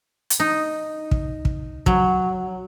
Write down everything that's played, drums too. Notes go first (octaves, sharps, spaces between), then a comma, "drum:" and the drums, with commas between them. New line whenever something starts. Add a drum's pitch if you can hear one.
drum: hi-hat
D#4
drum: kick
drum: kick
F#3, drum: kick